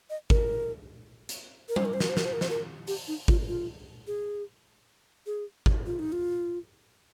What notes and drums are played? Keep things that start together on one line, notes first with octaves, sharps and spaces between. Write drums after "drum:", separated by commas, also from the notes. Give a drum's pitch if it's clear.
D#5
A#4, drum: kick G#1
drum: hi-hat
A#4
C5, drum: tom G3
A#4
C5
A#4, drum: snare
C5
A#4, drum: snare
C5
A#4
C5, drum: snare
A#4
G4, drum: open hi-hat
D#4
F4, drum: kick G#1
F4
G#4
G#4
drum: kick G#1
F4
D#4
F4